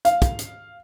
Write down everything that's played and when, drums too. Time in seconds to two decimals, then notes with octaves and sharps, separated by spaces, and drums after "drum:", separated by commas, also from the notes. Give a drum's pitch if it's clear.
0.05 F5, drum: hi-hat
0.22 drum: kick, hi-hat
0.39 drum: hi-hat